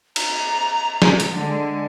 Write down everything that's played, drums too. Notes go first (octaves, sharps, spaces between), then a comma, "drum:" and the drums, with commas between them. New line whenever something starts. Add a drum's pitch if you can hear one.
A#5, drum: cymbal
drum: snare
drum: hi-hat
D3 G#3